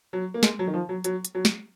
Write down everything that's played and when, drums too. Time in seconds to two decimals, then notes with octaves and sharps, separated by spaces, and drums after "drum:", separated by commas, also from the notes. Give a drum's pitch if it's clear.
0.13 F#3
0.34 A#3
0.43 G#3, drum: snare
0.59 F#3
0.67 D#3
0.74 F3
0.89 F#3
1.04 F#3, drum: hi-hat
1.25 drum: hi-hat
1.35 F#3
1.45 drum: snare